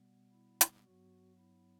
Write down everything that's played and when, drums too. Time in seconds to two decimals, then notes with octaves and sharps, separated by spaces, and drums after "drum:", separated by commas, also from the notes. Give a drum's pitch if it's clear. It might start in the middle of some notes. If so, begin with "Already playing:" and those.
Already playing: B2 G3 B3
0.32 E4
0.61 drum: hi-hat
0.85 G2 F#3 B3 F#4
1.38 E4